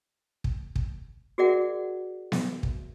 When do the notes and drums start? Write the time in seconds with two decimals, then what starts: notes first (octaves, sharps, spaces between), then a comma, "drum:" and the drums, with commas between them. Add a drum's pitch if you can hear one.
0.44 drum: kick
0.76 drum: kick
1.38 F#4 G#4 A#4 D5 E5 F#5
2.32 drum: snare B3
2.63 drum: kick